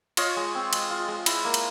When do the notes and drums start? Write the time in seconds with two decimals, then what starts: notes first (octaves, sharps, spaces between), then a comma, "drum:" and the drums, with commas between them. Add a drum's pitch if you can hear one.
0.17 F4 C#5 D#5, drum: cymbal
0.36 G#3
0.55 C4
0.73 G#3, drum: cymbal
0.91 F4
1.08 G#3
1.26 E4, drum: cymbal
1.45 A#3
1.54 drum: cymbal